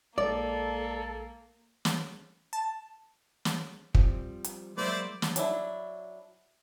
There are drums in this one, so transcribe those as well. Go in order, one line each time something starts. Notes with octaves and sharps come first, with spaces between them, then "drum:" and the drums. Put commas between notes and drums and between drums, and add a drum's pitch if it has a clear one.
A#1 G#3 A#3 A4 D5
drum: snare
A5
drum: snare
F3 G3 C4, drum: kick
drum: hi-hat
F#3 G#3 A#3 E4 C5 D5
drum: snare
F#3 D4 E4, drum: hi-hat